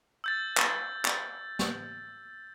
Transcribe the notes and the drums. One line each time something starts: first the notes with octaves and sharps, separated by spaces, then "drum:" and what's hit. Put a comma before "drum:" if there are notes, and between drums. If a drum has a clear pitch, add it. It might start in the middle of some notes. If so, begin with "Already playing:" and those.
E6 G6 A6
drum: clap
drum: clap
drum: snare